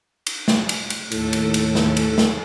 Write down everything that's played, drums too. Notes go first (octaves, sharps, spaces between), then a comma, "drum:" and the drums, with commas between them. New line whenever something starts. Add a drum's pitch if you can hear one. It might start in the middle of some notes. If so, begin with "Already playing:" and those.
drum: cymbal
drum: snare
drum: cymbal
drum: cymbal
D#2 A2 A4, drum: cymbal
drum: cymbal
drum: cymbal
drum: snare
drum: cymbal
drum: snare